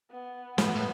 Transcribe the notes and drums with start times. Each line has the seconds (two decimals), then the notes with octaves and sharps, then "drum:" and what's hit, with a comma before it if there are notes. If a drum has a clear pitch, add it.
0.11 B3
0.58 A2 B3, drum: snare
0.75 A2